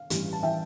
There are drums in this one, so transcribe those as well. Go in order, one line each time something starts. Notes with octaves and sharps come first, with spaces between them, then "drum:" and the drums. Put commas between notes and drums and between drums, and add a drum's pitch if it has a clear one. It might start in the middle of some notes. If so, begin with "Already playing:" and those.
Already playing: F5
A1 G2 E3, drum: hi-hat
A5
E3 E5 G5